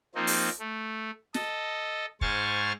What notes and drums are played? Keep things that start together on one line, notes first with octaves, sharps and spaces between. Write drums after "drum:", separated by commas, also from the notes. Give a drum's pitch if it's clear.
F3 A#3 C4 D#4
drum: open hi-hat
A3
A4 D#5, drum: snare
G#2 C5 G#5 C#6 F6 A6, drum: kick